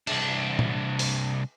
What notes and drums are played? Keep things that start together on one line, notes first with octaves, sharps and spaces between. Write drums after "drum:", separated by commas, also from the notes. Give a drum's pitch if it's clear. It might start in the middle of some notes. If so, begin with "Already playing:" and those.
C2 D4, drum: cymbal
drum: tom
drum: open hi-hat